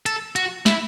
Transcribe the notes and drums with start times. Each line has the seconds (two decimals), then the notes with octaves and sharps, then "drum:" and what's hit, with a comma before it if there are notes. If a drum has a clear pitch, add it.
0.06 A4, drum: hi-hat
0.36 F#4, drum: hi-hat
0.66 E4, drum: snare